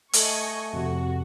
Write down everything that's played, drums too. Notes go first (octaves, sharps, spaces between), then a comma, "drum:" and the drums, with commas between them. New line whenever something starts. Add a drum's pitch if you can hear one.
A3 D#5 G#5 C#6, drum: hi-hat
F2 C3 F#4